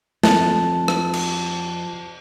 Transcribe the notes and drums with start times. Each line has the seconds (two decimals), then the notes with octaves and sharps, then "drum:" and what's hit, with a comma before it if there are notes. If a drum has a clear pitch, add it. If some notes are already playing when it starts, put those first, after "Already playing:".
0.23 F2 A5, drum: snare
0.88 drum: rim click
1.13 drum: cymbal